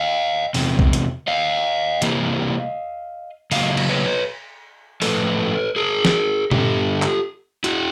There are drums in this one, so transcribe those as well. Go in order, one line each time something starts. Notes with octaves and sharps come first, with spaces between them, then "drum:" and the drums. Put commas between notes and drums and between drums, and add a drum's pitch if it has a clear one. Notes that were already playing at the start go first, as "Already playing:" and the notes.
Already playing: D#5 F5
E2 C3, drum: open hi-hat
drum: kick B1
drum: hi-hat
D#5 F5
C3 E3 G3 A#3, drum: hi-hat
C#3 F#3 A#3 D#5 F5, drum: open hi-hat
drum: cymbal
B4 C#5
A2 F3 A3 A4 B4, drum: open hi-hat
G#4 A#4
drum: snare
G2 D3 G3 G4 A4, drum: tom A#2
drum: clap
E4 F#4, drum: hi-hat